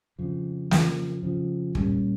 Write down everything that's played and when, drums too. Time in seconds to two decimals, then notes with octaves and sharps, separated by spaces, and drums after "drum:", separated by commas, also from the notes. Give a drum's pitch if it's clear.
0.19 F2 C#3 F3
0.71 F2 C#3 F3, drum: snare
1.23 F2 C#3 F3
1.75 A#2 G3 A#3 C#4, drum: kick